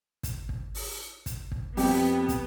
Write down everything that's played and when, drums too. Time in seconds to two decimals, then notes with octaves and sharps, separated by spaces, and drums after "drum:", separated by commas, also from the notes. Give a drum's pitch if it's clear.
0.23 drum: kick, hi-hat
0.49 drum: kick
0.75 drum: open hi-hat
1.26 drum: kick, hi-hat
1.52 drum: kick
1.77 F2 B3 G4, drum: open hi-hat
2.28 drum: kick, hi-hat